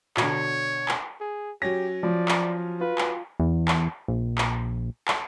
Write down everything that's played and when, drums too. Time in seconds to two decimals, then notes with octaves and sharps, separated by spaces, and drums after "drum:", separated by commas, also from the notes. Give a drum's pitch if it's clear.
0.17 B2 D3 C#5, drum: clap
0.88 drum: clap
1.21 G#4
1.62 F#3 C#4 G4 A#6
2.03 F3 D5
2.28 drum: clap
2.81 F4 B4
2.98 drum: clap
3.40 E2
3.68 drum: clap
4.08 A#1
4.38 drum: clap
5.08 drum: clap